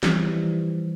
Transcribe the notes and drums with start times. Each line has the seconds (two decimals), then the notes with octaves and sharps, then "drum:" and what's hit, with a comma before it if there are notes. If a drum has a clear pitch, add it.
0.03 E3 F3 G3, drum: snare